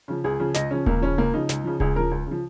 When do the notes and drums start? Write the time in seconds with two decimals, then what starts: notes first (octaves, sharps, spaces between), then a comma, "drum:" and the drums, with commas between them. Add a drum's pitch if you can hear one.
0.08 C#3 F3
0.24 C#2 G#4
0.40 C#3 F3
0.54 C#2 D#5, drum: snare
0.71 C#3 F3 C#4
0.86 C#2 A#3, drum: kick D#1
1.01 C#3 F3 C#4
1.18 C#2 A#3
1.33 C#3 F3 D#4
1.49 C#2, drum: snare
1.64 C#3 F3
1.80 C#2 G#4, drum: kick D#1
1.95 C#3 F3 A#4
2.11 C#2
2.26 C#3 F3